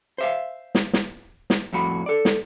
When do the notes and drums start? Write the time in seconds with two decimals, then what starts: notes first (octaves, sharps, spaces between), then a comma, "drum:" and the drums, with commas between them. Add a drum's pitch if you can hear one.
0.18 C5 E5 F5
0.75 drum: snare
0.93 drum: snare
1.50 drum: snare
1.73 F2 A2 F#4 B5
2.06 A4 D5
2.25 drum: snare